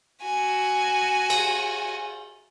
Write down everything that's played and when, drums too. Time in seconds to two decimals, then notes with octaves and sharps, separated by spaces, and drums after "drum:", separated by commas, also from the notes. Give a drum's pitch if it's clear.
0.23 F#4 G#5
1.30 drum: cymbal